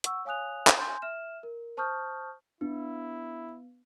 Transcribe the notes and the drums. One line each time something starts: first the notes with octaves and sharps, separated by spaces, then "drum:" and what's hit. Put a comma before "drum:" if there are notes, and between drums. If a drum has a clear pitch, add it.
F#5 C#6 E6, drum: hi-hat
C#5 F5 G#5 D#6 F#6 F7
drum: clap
G#5 C6 G6
E5 F6 E7
A#4
C5 A5 C#6 D#6 F6 G6
B3 D4 E4